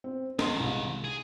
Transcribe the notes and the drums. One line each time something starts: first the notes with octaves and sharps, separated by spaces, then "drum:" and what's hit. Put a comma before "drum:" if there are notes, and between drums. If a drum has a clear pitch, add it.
C4
G#2 D#3 D#5 C6, drum: snare
C2 F5
G#4